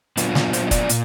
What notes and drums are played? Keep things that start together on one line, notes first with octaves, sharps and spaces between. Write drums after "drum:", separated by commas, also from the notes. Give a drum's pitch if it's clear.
A#2 F#3 B3 D4 F4 B4, drum: hi-hat
drum: snare
C5, drum: hi-hat
D#5
D5, drum: kick, hi-hat
A#2, drum: hi-hat